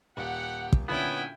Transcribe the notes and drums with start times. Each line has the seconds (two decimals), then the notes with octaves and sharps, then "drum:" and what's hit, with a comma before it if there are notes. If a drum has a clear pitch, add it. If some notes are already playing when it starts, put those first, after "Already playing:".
0.17 D#1 G4 F#5
0.73 drum: kick
0.88 A#2 D3 F#3 B3 C#4 E4 G5 G#5